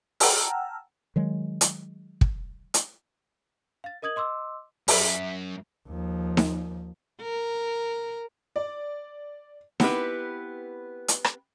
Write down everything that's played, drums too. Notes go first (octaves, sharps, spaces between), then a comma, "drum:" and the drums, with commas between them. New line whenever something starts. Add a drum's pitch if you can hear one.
F#5 G5 A5 A#5 E6 F6, drum: open hi-hat
D#3 F#3 G#3
drum: hi-hat
drum: kick
drum: hi-hat
F5 A6
A#4 D#5 D#6 G#6 F#7
D#5 C6 D6 E6
F#2 E5, drum: open hi-hat
D#2 F3
drum: snare D#4
A#4
D5
B3 C4 E4 G4 B4, drum: snare D#4
drum: hi-hat
drum: rim click